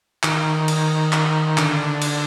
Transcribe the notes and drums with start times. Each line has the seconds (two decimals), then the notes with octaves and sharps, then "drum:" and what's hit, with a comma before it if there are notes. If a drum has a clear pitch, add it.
0.23 D#3, drum: clap
0.68 drum: cymbal
1.13 drum: clap
1.58 D3, drum: clap
2.02 drum: cymbal